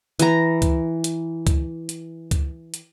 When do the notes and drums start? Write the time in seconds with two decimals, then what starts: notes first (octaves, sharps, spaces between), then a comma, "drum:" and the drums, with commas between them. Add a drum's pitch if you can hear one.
0.19 E3 A#5, drum: hi-hat
0.62 drum: kick C#2, hi-hat
1.04 drum: hi-hat
1.47 drum: kick C#2, hi-hat
1.89 drum: hi-hat
2.31 drum: kick C#2, hi-hat
2.74 drum: hi-hat